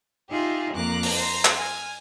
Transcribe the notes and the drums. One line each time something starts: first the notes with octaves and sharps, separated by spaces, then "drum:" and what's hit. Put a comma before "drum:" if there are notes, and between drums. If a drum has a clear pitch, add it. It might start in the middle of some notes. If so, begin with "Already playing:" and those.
D#4 F4 G4 G#4 E5
F2 A#3 A#5 D6 F#6
drum: open hi-hat
C5 A#5
drum: clap
G#5 F6